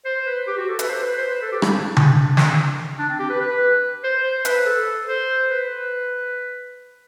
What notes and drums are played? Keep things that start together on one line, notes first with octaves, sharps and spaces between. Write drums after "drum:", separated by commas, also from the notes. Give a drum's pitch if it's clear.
C5
B4
G4
F#4
A4
B4, drum: hi-hat
C5
B4
C5
B4
A4
G4
E4, drum: rim click
D4
drum: tom C#3
drum: snare
D4
C4
G4
B4
B4
C5
C5
B4, drum: hi-hat
A4
C5
B4